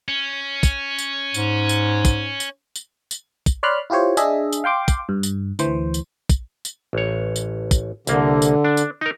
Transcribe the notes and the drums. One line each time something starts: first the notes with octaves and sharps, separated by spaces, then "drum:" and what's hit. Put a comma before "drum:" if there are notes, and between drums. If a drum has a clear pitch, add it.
C#4
drum: kick, tambourine
drum: tambourine
G#2, drum: tambourine
drum: tambourine
drum: kick, tambourine
drum: tambourine
drum: tambourine
drum: tambourine
drum: kick, tambourine
C#5 D5 B5 C6 F6 F#6
E4 F4 G4 C5 C#5
D4 G#4 D#5 E5, drum: tambourine
drum: tambourine
F5 G5 C6 D6
drum: kick, tambourine
G2
drum: tambourine
D2 E3 C5, drum: tambourine
drum: tambourine
drum: kick, tambourine
drum: tambourine
A1 C#5
drum: tambourine
drum: kick, tambourine
C2 D3 A#3, drum: tambourine
drum: tambourine
D4
drum: tambourine
D#4 A#4